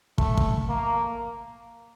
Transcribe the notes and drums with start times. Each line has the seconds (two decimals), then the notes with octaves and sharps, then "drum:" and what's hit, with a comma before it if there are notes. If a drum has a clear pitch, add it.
0.18 A3, drum: kick
0.37 drum: kick
0.69 A#3